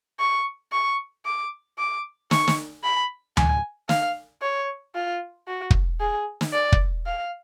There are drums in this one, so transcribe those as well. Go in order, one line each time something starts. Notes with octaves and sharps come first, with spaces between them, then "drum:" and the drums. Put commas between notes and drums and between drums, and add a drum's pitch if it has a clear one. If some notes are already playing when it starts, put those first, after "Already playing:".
C#6
C#6
D6
D6
C#6, drum: snare
drum: snare
B5
G#5, drum: tom D2
F5, drum: snare
C#5
F4
F#4
drum: kick
G#4
drum: snare
D5
drum: kick
F5